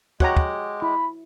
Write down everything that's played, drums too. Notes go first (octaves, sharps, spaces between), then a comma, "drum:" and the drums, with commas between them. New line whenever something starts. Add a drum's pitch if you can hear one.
G#3 F#4 G4 C#5 F#5 A#5, drum: kick
drum: kick
E4 B5